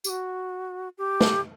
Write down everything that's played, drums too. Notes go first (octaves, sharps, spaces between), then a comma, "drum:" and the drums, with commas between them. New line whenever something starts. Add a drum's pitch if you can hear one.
G4, drum: tambourine
F#4
G4
drum: snare